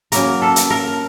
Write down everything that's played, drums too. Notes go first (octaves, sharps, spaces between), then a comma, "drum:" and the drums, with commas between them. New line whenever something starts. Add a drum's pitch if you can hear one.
C#3 F#3 A#3 A#4, drum: hi-hat
A4
drum: hi-hat
A#4